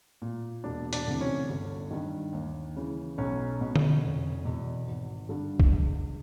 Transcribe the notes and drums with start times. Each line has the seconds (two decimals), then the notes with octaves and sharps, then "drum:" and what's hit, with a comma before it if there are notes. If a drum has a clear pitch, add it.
0.22 A#2
0.64 E1 D4
0.93 D4, drum: hi-hat
1.07 D2 C3 E3
1.21 C#4
1.49 G1
1.91 G2 D#3
2.33 D#2
2.76 C#3 E3
3.18 B1 C#4
3.61 B2
3.76 drum: tom D3
4.03 F1
4.45 E2 B2
4.87 G#1
5.29 G2 D3
5.60 drum: kick
5.72 C#2